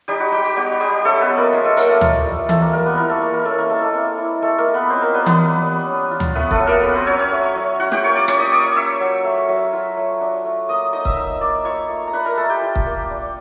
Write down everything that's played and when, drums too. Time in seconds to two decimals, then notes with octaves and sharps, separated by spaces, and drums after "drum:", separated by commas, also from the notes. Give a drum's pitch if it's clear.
0.08 G3 D#4 G4
0.20 F#4
0.32 G#3 F#4
0.44 F#4
0.56 G3 B3 G4
0.72 F#4
0.80 G3 G#3 G4
1.04 A3 C#4 A4
1.21 B3 B4
1.29 F#3
1.37 A#3 A#4
1.52 G#3 A#3 G#4
1.64 A3 A4
1.77 F#3 A#3 A#4, drum: open hi-hat
1.89 A3 A4
2.01 F4, drum: tom D2
2.25 G3
2.49 A3 C4 A4, drum: tom E3
2.61 A#3 A#4
2.73 G3 A#3 A#4
2.86 B3 B4
2.98 A#3 E4 A#4
3.09 A3 A4
3.21 G#3 A#3 A#4
3.33 A#3 A#4
3.45 A3 C#4 A4
3.58 A#3 A#4
3.69 G#3 A3 A4
3.82 A3 A4
3.93 A#3 C4 A#4
4.18 E4
4.42 G#3 A3 A4
4.58 A#3 A#4
4.66 F3
4.74 B3 B4
4.90 C4 C#4 C5
5.02 A#3 A#4
5.14 G3 B3 B4
5.26 B3 B4, drum: tom E3
5.39 A#3
5.62 G3
5.86 C#4
6.11 F4
6.20 drum: tom D2
6.35 A3 B3 B4
6.51 A3 A4, drum: kick C#1
6.59 F#3
6.67 A#3 A#4
6.83 B3 C#4 B4
6.95 C4 C5
7.07 F#3 C#4 C#5
7.19 C#4 C#5
7.31 A3
7.55 F#3
7.79 F4 F#4 F#5
7.92 G4 G5, drum: snare
8.03 A#3 C#5 C#6
8.15 D5 D6
8.28 C#4 C#5 C#6, drum: rim click
8.40 D#5 D#6
8.51 A#3 D5 D6
8.63 C#5 C#6
8.76 C#4 E5 E6
9.00 F#3
9.24 A3
9.49 F#3
9.73 F4
9.96 A3
10.21 D4
10.45 A3
10.69 A#3 D#5 D#6
10.93 D#4 D#5 D#6
11.05 E5 E6, drum: kick C#1
11.17 D#4 E5 E6
11.41 A#3 D5 D6
11.65 F4 C#5 C#6
11.89 A3
12.07 A#5
12.13 D4 B4 B5
12.25 A#4 A#5
12.37 A3 A4 A5
12.50 G4 G5
12.62 F4
12.76 drum: kick C#1
12.86 A#3
13.10 D4